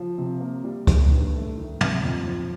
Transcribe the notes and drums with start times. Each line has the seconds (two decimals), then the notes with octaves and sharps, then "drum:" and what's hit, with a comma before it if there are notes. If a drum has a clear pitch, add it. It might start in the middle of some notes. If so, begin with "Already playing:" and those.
Already playing: F3
0.18 C3
0.40 A#3
0.64 G3
0.87 D#3, drum: kick C#2, hi-hat
1.11 G2
1.33 A3
1.57 D#3
1.81 C3, drum: tom
2.03 F2
2.27 F3